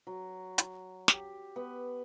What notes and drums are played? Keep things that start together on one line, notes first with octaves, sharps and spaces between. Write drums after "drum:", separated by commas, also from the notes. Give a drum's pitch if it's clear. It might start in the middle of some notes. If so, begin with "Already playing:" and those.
F#3
drum: hi-hat
G4, drum: snare
B3